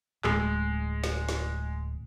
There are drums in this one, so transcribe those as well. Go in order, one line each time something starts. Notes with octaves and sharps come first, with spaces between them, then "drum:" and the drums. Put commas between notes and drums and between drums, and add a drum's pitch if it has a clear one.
D1 G#3, drum: clap
drum: snare
drum: snare